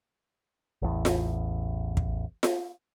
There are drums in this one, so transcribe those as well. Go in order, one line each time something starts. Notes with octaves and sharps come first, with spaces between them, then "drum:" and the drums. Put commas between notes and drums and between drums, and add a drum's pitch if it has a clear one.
A1 E2
drum: snare F4
drum: kick
drum: snare F4